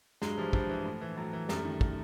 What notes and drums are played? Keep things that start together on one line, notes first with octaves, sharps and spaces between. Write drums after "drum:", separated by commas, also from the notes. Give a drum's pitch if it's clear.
G2 F#3 G#3, drum: snare
E3 F3 G3
G2 F3, drum: kick
E3
A2
E3
A2 E3 F#3
E3
F#2 G3 A3, drum: snare
D#3
drum: kick